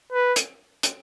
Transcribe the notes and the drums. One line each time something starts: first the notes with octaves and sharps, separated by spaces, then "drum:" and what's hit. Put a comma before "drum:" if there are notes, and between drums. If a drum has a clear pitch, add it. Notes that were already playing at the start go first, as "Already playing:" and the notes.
B4
drum: hi-hat
drum: hi-hat